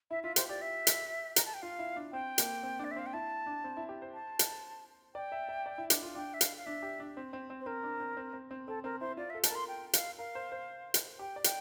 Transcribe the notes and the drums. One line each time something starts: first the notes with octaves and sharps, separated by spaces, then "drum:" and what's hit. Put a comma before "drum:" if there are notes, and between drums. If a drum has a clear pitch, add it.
E4 E5
F4 E5
G4 C5, drum: hi-hat
G4 D5
E5
drum: hi-hat
A#5, drum: hi-hat
A5
G5
F4 F5
E4
D4
C4 G5
A#3, drum: hi-hat
C4
D4
D5
E5
C4 F5
G5
E4 A5
D4
C4
E4
G4
C5
A5
drum: hi-hat
D5 G5
E5
E5
D5
E4
D4, drum: hi-hat
F4
D4 G5
E5
F5, drum: hi-hat
F5
D4 E5
G4
D4
C4
C4
C4
C5
C4 A#4
D4
C4
C4
C4
C4
C4 A4
C4 A#4
E4 C5
F4 D5
E5
A4
A5, drum: hi-hat
A#4 C6
G5
F5, drum: hi-hat
A#4 F5
C5
C5
drum: hi-hat
G4 G5
D5
G5, drum: hi-hat